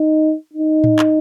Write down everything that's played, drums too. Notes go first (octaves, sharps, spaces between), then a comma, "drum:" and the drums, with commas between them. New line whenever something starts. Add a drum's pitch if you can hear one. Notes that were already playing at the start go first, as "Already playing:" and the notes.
Already playing: D#4
D#4
drum: tom A2
drum: clap